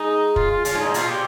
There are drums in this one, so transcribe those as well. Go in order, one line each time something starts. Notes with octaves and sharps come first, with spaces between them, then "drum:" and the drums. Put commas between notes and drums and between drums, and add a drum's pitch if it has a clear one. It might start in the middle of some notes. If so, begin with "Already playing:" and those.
Already playing: G#3 D#4
F4, drum: kick
F4
C#3 F4, drum: hi-hat
G2
D#4
G#2
A#2 F4, drum: hi-hat
G4